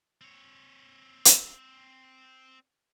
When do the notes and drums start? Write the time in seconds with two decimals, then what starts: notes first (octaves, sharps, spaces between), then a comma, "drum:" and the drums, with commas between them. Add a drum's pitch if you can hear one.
0.21 C4 C#5
1.25 drum: hi-hat